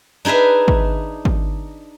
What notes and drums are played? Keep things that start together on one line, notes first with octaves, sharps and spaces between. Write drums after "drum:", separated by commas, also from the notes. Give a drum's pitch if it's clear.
D4 D#4 G#4 B4 E5
drum: kick G#1
drum: kick G#1